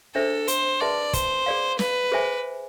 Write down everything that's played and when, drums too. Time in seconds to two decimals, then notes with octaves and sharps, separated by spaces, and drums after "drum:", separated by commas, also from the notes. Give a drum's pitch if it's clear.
0.15 D4 G#4 A4 C5 E5
0.48 C5, drum: hi-hat
0.80 G#4 B4 D5 E5 A5 C6
1.13 C5, drum: kick, hi-hat
1.46 G#4 D5 F5
1.79 B4, drum: snare
2.12 G#4 C5 E5 G#5